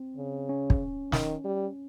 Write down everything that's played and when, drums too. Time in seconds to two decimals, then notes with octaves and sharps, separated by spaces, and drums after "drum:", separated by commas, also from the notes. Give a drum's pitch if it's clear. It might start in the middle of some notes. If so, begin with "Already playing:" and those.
Already playing: C4
0.17 C#3
0.49 C#4
0.70 drum: kick
1.12 D#3, drum: snare
1.44 G3